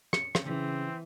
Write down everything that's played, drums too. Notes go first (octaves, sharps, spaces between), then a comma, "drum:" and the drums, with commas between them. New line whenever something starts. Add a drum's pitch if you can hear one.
C#7, drum: rim click
drum: rim click
C#3 E3 C4